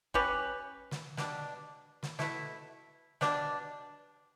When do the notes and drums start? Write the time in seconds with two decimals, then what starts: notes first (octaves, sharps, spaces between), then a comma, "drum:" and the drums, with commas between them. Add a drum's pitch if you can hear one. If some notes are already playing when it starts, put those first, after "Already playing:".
0.14 G3 C#4 G4 B4, drum: kick
0.91 drum: snare
1.17 B2 G3 D4, drum: snare
2.03 drum: snare
2.19 B2 A3 E4, drum: snare
3.21 B2 G3 D4, drum: snare